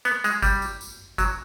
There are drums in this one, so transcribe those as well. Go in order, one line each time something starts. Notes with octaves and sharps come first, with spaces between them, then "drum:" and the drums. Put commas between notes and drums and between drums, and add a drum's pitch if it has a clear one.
B3, drum: tambourine
G#3, drum: tambourine
G3, drum: kick, tambourine
drum: tambourine
drum: tambourine
F#3, drum: kick, tambourine